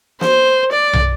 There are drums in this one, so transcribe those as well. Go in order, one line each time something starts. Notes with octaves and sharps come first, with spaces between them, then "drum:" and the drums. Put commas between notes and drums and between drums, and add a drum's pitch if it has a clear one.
C5, drum: snare
D5
drum: tom